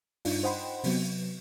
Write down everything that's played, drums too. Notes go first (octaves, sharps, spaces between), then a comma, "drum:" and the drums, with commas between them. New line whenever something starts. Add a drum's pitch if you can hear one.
G2 D4 D#4 F4, drum: open hi-hat
C5 D#5 F#5 G5 B5 C6
C3 F#3 B3, drum: open hi-hat